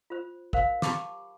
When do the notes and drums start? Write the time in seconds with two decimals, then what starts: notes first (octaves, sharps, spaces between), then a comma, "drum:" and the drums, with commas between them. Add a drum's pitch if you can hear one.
0.10 F4 C5
0.53 A#4 C5 F5, drum: kick
0.82 G4 A5 B5 C#6 D6, drum: snare